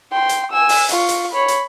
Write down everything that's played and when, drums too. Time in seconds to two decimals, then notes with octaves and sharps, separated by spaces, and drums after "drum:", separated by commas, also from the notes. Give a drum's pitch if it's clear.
0.12 G5 C6
0.29 drum: hi-hat
0.52 G#5 E6
0.69 drum: open hi-hat
0.89 F4 C#6, drum: hi-hat
1.09 drum: hi-hat
1.31 C#5 B5
1.48 drum: hi-hat